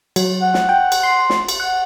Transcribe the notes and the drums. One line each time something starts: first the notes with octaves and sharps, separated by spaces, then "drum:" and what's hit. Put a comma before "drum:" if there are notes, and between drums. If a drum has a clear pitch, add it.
F#3, drum: cymbal
F#5
drum: snare
G5
drum: cymbal
C6
drum: snare
drum: cymbal
F#5